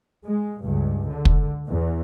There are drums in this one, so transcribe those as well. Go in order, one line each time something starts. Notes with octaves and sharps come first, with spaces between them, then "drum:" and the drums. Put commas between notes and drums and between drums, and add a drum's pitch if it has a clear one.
G#3
C#2 G2
D3
drum: kick
E2